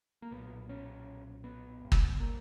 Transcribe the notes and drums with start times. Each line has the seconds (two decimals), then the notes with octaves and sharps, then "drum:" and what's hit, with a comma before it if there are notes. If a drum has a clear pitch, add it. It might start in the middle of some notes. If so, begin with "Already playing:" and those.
0.22 A#3
0.31 B1 A#2 B3
0.69 C#4
1.44 B3
1.82 G1 G2
1.92 drum: kick
2.20 A#3